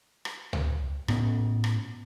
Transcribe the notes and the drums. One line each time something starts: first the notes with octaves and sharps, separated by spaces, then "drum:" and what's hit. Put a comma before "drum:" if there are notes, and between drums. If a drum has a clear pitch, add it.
drum: rim click
drum: tom C#2
A2 B3 C#4, drum: rim click
drum: rim click